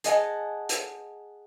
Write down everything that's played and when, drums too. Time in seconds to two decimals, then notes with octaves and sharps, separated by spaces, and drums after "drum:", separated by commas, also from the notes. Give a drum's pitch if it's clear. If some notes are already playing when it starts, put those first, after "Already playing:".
0.04 G#4 D#5 F#5 G#5 A5, drum: hi-hat
0.69 drum: hi-hat